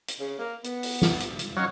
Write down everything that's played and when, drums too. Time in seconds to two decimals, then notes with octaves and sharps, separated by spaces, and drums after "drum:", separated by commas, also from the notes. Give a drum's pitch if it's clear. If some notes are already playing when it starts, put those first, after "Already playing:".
0.08 drum: hi-hat
0.20 C#3
0.39 A#3
0.64 B3, drum: hi-hat
0.83 drum: open hi-hat
1.02 drum: snare
1.20 drum: hi-hat
1.39 drum: hi-hat
1.57 F#3 C#4 C#5 D#5 F5